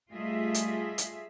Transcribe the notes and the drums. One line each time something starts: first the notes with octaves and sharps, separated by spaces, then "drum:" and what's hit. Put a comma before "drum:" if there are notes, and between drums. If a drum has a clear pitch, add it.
G3 A3 F4 G#4 D#5 E5
drum: hi-hat
drum: hi-hat